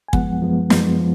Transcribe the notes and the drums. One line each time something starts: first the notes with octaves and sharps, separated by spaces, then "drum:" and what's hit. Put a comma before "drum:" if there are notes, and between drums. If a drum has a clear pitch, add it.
G#5
F#2 F3 G#3 B3 F#5, drum: kick
F#2 F3 G#3 B3
F#2 F3 G#3 B3, drum: snare
F3